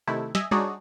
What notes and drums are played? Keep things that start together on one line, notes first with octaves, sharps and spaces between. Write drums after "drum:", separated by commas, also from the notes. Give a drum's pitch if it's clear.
C3 D#3 A3 E4
D#5 E5 G#5, drum: snare
D4 D#4 F#4 G#4 C#5 D5, drum: tom G3